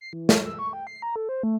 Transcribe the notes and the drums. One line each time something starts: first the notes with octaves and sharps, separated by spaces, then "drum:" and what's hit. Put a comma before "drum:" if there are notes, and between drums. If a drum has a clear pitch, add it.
C7
E3
C#5, drum: snare
E6
C#6
G5
C7
A#5
A4
C5
A3